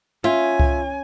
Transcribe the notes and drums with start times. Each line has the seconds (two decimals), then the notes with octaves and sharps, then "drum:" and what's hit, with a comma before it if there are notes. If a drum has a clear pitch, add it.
0.24 C#4 F4 E5 G#5
0.60 drum: kick C2